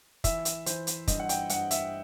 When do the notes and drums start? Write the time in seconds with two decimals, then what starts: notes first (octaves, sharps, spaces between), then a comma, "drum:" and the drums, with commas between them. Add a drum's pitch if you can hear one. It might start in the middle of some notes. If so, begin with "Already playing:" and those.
0.24 E3 E5, drum: kick, hi-hat
0.45 drum: hi-hat
0.66 E3 C5, drum: hi-hat
0.87 drum: hi-hat
1.08 G2 D#5, drum: kick, hi-hat
1.20 F#5
1.29 G5, drum: hi-hat
1.49 G2 F#5, drum: hi-hat
1.71 E5, drum: hi-hat